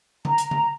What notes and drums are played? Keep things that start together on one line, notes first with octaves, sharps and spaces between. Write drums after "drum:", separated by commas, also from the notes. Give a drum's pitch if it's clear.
A#5, drum: tom C#3
drum: hi-hat
drum: tom C#3